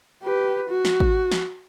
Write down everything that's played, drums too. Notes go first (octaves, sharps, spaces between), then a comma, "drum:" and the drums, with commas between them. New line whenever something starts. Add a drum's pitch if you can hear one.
G4 B4
F#4
drum: snare
drum: kick G#1
drum: snare